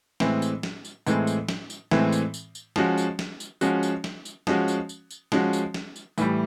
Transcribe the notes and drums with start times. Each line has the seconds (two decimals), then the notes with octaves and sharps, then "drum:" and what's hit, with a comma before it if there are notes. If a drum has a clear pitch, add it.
0.20 A2 E3 G#3 C4, drum: snare
0.42 drum: tambourine
0.63 drum: snare
0.85 drum: tambourine
1.07 A2 E3 G#3 C4, drum: tambourine
1.27 drum: tambourine
1.49 drum: snare
1.70 drum: tambourine
1.91 A2 E3 G#3 C4, drum: snare
2.12 drum: tambourine
2.34 drum: tambourine
2.55 drum: tambourine
2.76 F3 G#3 C#4 F#4, drum: snare
2.98 drum: tambourine
3.19 drum: snare
3.40 drum: tambourine
3.61 F3 G#3 C#4 F#4, drum: tambourine
3.83 drum: tambourine
4.04 drum: snare
4.25 drum: tambourine
4.47 F3 G#3 C#4 F#4, drum: snare
4.68 drum: tambourine
4.89 drum: tambourine
5.11 drum: tambourine
5.32 F3 G#3 C#4 F#4, drum: snare
5.53 drum: tambourine
5.74 drum: snare
5.96 drum: tambourine
6.18 A2 E3 G3, drum: tambourine